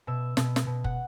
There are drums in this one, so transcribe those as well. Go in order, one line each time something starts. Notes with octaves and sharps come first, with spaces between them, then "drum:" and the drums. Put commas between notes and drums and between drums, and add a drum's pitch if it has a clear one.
B2 E5
B2, drum: snare
drum: snare
B2
F#5, drum: kick